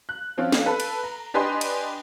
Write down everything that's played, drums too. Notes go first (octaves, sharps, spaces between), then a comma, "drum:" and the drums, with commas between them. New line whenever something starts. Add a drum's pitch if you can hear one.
F#6
F3 C4 C#4 F4
drum: snare
A4 B4
drum: cymbal
A#5
D4 G4 B4 D#5 G#5 C6
drum: cymbal